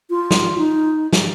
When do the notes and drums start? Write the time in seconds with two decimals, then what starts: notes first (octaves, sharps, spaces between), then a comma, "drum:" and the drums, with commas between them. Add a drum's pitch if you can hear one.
0.10 F4
0.31 drum: snare
0.58 D#4
1.13 drum: snare